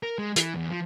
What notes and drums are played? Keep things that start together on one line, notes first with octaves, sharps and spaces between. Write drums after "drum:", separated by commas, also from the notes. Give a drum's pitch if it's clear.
A#4
G#3
E3, drum: hi-hat
E2
F3